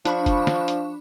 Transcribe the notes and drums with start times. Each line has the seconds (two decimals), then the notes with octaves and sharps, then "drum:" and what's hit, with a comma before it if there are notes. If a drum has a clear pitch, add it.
0.05 F3 D4 B5 C#6, drum: hi-hat
0.26 drum: kick F1, hi-hat
0.47 drum: snare
0.68 drum: hi-hat